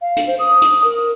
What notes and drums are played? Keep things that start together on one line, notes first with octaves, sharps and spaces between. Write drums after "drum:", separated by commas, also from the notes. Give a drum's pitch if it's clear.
F5
drum: hi-hat
C5
D#6
drum: hi-hat
A#4